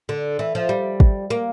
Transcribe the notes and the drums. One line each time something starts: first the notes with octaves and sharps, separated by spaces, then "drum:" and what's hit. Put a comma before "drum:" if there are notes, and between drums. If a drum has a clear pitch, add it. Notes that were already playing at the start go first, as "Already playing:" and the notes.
D3
E3
F3
G3
drum: kick
A#3